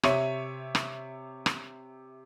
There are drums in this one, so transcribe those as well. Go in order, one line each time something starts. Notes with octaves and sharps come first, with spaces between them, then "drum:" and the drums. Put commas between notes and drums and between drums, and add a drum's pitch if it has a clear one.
C3 C#5 E5 C#6 D#7, drum: rim click
drum: rim click
drum: rim click